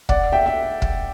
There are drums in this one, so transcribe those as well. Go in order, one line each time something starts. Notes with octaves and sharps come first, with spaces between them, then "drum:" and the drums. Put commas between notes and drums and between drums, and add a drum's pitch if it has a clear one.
D5 F#5, drum: kick
E5 G5
E5
drum: kick